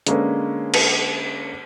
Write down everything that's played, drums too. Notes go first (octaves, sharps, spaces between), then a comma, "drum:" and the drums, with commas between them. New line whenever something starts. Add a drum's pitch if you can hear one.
D3 G#3 A#3 C#4 A4 B4, drum: hi-hat
drum: cymbal